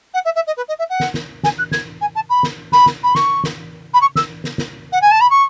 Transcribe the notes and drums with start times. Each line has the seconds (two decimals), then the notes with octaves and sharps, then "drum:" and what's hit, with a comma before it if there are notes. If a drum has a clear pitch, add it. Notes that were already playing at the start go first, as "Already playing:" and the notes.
0.13 F#5
0.24 E5
0.35 E5
0.46 D#5
0.56 B4
0.68 D#5
0.78 E5
0.89 F#5
1.00 drum: snare
1.14 drum: snare
1.43 G#5, drum: snare
1.58 F#6
1.71 G#6, drum: snare
2.01 G#5
2.15 A5
2.29 B5
2.43 drum: snare
2.72 B5, drum: snare
2.86 drum: snare
3.03 B5
3.15 C#6, drum: snare
3.44 drum: snare
3.93 B5
4.01 C#6
4.15 E6, drum: snare
4.44 drum: snare
4.58 drum: snare
4.92 F#5
5.01 G#5
5.11 A5
5.20 B5
5.30 C#6